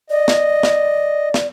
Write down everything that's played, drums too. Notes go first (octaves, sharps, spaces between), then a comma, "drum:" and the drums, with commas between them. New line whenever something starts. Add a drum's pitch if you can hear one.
D5 D#5
drum: snare
drum: snare
drum: snare